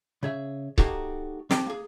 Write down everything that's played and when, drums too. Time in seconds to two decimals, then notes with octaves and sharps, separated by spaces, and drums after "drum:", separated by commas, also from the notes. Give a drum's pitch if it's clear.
0.23 C#3 G#4 E5
0.78 A#3 D#4 F#4 G4 A4, drum: kick C#1
1.51 C4 G4 G5 A5, drum: snare
1.66 A#3 G#4